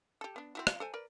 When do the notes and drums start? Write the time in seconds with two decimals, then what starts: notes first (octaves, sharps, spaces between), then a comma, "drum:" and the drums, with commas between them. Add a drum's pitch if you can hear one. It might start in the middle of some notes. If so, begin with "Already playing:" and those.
0.21 G4 A4
0.36 B3 D4
0.55 C4 E4 F#4
0.67 F4, drum: rim click
0.80 A4 C5 G#5
0.94 A#4 B4 D5